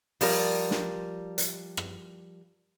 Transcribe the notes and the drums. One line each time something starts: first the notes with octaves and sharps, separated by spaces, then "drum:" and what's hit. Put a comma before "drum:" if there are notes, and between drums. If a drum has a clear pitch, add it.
F3 G3 A#4, drum: open hi-hat
drum: snare
drum: hi-hat
drum: rim click